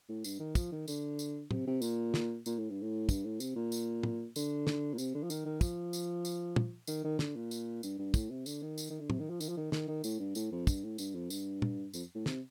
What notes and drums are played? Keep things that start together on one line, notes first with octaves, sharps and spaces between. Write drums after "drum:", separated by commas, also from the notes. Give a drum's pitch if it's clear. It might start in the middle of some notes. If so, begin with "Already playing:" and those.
A2
G2, drum: tambourine
D#3
F3, drum: kick, tambourine
D#3
D3, drum: tambourine
drum: tambourine
C3, drum: tom
C3
A#2, drum: tambourine
drum: snare
A#2, drum: tambourine
A2
G2
A2
G2, drum: kick, tambourine
A2
C3, drum: tambourine
A#2
drum: tambourine
drum: tom
D3, drum: tambourine
drum: snare
A#2
C3, drum: tambourine
D3
F3
D#3, drum: tambourine
D#3
F3, drum: kick, tambourine
drum: tambourine
drum: tambourine
drum: tom
D#3, drum: tambourine
D#3
D3, drum: snare
A#2
drum: tambourine
G2, drum: tambourine
G2
A2, drum: kick, tambourine
C3
D3, drum: tambourine
D#3
drum: tambourine
D#3
D3
C3, drum: tom
D#3
F3
D#3, drum: tambourine
F3
D#3
D#3, drum: snare
D#3
A2, drum: tambourine
G2
A2, drum: tambourine
F2
G2, drum: kick, tambourine
A2
G2, drum: tambourine
F2
G2, drum: tambourine
drum: tom
F2, drum: tambourine
A2
C3, drum: snare